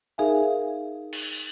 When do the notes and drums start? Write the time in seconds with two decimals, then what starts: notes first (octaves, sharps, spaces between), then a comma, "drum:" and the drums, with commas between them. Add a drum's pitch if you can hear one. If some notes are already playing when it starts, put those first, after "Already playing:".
0.18 D#4 G#4 A#4 E5 F5 G#5
1.13 drum: cymbal